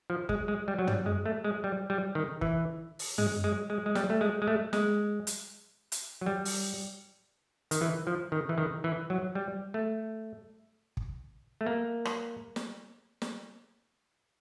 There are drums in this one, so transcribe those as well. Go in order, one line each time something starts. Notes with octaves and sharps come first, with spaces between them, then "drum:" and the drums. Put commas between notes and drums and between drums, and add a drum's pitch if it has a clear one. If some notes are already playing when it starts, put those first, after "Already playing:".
F3
G#3, drum: kick
G#3
G3
F#3
G3, drum: tom
G#3
A3
G#3
G3
G3
D#3
E3, drum: kick
drum: open hi-hat
G#3, drum: tom
G#3
G#3
G#3
G3, drum: snare
A3
G#3
G#3
A3
G#3, drum: snare
drum: hi-hat
drum: hi-hat
F#3
G3
drum: open hi-hat
D#3, drum: hi-hat
E3
F3
D#3
E3
D#3
E3
F#3
G3
A3
drum: kick
A3
A#3
drum: rim click
drum: snare
drum: snare